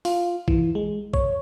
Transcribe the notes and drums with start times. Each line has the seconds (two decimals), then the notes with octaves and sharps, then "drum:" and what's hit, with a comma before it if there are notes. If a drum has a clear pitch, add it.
0.05 F4, drum: open hi-hat
0.48 E3, drum: kick A#1
0.75 G#3
1.14 C#5, drum: kick A#1